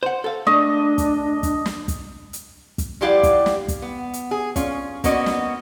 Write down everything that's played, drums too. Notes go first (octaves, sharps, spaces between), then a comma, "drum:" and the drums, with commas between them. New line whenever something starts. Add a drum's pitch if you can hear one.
C5 F#5
A4 F5
A3 D4 D#5
drum: kick, hi-hat
drum: kick, hi-hat
drum: snare
drum: kick, hi-hat
drum: hi-hat
drum: kick, hi-hat
F3 G3 E4 G4 F5 F#5
drum: kick, hi-hat
drum: snare
drum: kick, hi-hat
B3
drum: hi-hat
G#4
C#4 F4, drum: kick, hi-hat
A#3 B3 C#4 F#4 D#5, drum: kick, hi-hat
drum: snare